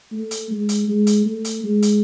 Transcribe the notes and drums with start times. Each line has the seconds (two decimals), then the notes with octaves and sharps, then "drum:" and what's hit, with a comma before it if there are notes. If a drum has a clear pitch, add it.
0.12 A3
0.31 drum: hi-hat
0.51 G#3
0.69 drum: hi-hat
0.88 G#3
1.07 drum: hi-hat
1.26 A3
1.45 drum: hi-hat
1.64 G#3
1.83 drum: hi-hat